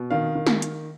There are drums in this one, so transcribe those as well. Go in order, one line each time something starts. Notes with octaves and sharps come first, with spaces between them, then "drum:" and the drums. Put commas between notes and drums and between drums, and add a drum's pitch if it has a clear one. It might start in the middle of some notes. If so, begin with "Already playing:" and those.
Already playing: B2
D#3 F5
D#3
drum: snare
drum: hi-hat